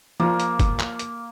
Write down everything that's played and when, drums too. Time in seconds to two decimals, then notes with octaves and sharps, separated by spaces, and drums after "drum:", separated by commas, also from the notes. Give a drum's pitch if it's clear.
0.20 F3 A#3
0.40 drum: hi-hat
0.60 drum: kick, hi-hat
0.79 drum: clap
0.99 drum: hi-hat